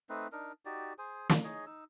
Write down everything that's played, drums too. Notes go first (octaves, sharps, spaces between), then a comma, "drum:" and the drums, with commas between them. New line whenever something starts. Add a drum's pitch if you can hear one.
A3 C4 D#4 B4
D4 D#4 A#4
D#4 F#4 G4 D5
G#4 C5 G#5
drum: snare
D#4 G#4 C#5 D#5
D#4 E6